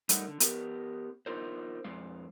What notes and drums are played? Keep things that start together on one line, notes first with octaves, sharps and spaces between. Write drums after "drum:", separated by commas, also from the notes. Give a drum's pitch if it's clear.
G3 A3 D#4 A#4 F#5, drum: hi-hat
D3
B3 G4 A#4, drum: hi-hat
B3 D#4 F4 A#4 C5
F2 G#3 F5